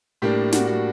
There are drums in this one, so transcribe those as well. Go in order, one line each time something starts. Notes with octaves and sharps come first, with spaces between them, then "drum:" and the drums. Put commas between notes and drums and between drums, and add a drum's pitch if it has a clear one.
A2 G3 A#3 D4 G4
F#4, drum: snare
F#4